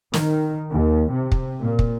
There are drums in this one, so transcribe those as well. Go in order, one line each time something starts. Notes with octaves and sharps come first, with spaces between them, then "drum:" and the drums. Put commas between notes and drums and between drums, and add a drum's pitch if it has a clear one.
D#3, drum: snare
D#2
C3
drum: kick
A#2
drum: kick